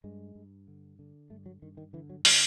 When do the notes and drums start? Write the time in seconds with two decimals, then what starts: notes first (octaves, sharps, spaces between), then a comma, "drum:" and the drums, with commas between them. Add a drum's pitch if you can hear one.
0.04 G2 G#3
0.35 G2
0.68 D3
0.99 D3
1.30 G2 A3
1.46 F#3
1.62 G2 D#3
1.77 D#3
1.93 D3 E3
2.10 F#3
2.25 D3 G3, drum: open hi-hat